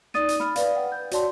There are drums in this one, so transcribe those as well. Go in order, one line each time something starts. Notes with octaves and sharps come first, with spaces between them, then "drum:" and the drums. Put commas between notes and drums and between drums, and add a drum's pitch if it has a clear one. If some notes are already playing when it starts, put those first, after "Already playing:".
D#4 D5 D#6 A6 D#7, drum: snare
drum: hi-hat
B5 F6, drum: snare
B4 D5 F5, drum: hi-hat
F#5 G5
G6
F#4 C#5 D5 A5 C6, drum: hi-hat